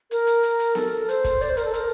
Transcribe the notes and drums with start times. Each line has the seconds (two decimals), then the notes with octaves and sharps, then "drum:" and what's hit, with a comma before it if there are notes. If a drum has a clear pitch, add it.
0.11 A#4, drum: hi-hat
0.27 drum: hi-hat
0.43 drum: hi-hat
0.59 drum: hi-hat
0.75 A4, drum: snare B3
1.09 C5, drum: hi-hat
1.24 drum: kick, hi-hat
1.41 D5, drum: hi-hat
1.49 C5
1.57 A#4, drum: hi-hat
1.65 A4
1.74 A#4, drum: hi-hat